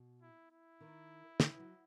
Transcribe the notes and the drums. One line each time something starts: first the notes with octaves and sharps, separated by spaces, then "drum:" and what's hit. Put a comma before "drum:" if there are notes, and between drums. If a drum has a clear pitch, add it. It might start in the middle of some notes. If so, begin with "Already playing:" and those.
Already playing: B2
E4
E4
D#3
E3, drum: snare
F#3